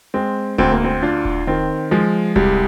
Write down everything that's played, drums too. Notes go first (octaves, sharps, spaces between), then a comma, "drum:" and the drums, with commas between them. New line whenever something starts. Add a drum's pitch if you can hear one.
G#3 C4
D2 C4, drum: kick D#1
A#3
C4
D4 F4
drum: kick D#1
D#3 C4
F3 G#3
C2 G3, drum: kick D#1